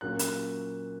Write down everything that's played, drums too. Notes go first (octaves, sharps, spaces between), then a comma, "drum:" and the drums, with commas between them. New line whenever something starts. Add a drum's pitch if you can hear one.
A#2 F#3 A#3 C#4 F#6
drum: hi-hat